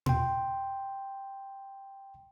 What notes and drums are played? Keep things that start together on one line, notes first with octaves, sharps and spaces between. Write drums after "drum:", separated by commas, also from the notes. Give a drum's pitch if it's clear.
G5 C6, drum: tom